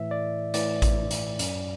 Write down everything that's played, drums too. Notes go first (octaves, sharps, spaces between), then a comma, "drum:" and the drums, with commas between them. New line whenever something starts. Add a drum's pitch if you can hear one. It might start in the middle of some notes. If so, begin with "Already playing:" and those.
Already playing: A2 E3 E5
D5
A2 E3 D5, drum: hi-hat
drum: kick A1, hi-hat
drum: hi-hat
F#2 F#3, drum: hi-hat